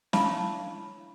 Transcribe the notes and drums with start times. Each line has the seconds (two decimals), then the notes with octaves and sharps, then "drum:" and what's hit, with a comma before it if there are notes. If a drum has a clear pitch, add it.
0.13 D4 E4 C#5 F5 A5 B5, drum: snare